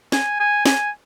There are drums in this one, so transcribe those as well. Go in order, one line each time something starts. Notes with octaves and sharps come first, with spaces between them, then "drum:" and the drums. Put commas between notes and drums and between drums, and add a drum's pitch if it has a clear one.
G#5, drum: snare
G#5
G#5, drum: snare